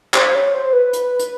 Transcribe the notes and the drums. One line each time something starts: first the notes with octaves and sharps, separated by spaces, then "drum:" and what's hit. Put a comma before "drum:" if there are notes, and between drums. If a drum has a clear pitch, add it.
C5, drum: clap
C#5
C5
B4
drum: hi-hat
drum: hi-hat